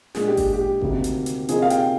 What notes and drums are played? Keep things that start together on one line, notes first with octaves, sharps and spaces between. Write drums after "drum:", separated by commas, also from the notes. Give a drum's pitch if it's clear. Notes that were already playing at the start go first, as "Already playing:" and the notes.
A#2 G#3 D4 G#4, drum: snare
G4
drum: kick G#1, open hi-hat
G4
D2 C3 D#3 A#3, drum: kick G#1
drum: hi-hat
drum: hi-hat
C3 F3 A#3 D#4 G#4, drum: hi-hat
F5
G5, drum: hi-hat